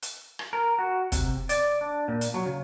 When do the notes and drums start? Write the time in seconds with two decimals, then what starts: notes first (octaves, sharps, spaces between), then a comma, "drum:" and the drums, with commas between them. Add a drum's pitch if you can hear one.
0.03 drum: hi-hat
0.39 drum: rim click
0.53 A#4
0.79 F#4
1.12 C3, drum: kick, hi-hat
1.49 D5, drum: hi-hat
1.81 D4
2.08 A#2
2.21 drum: hi-hat
2.34 F#3
2.46 C#3